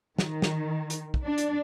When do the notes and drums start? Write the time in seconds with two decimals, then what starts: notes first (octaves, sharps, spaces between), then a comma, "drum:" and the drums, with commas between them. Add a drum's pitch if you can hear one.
0.19 D#3, drum: snare
0.42 drum: snare
0.90 drum: hi-hat
1.14 drum: kick
1.24 D4
1.38 drum: hi-hat